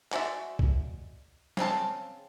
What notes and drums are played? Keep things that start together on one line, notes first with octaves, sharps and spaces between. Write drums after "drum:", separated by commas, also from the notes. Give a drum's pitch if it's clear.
G#3 F#4 D5 E5, drum: clap
drum: kick C2
C#3 C4 D4 A5, drum: snare